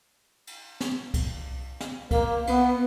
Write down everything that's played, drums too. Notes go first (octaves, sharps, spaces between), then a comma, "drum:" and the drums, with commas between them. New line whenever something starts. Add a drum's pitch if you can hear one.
drum: cymbal
drum: snare
drum: kick C2, cymbal
drum: snare
A#3, drum: kick C2, cymbal
B3, drum: cymbal